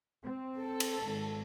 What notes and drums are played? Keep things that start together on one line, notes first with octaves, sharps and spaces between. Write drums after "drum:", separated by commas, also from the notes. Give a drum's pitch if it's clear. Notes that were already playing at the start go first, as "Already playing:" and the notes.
C4
A4
drum: cymbal
G#1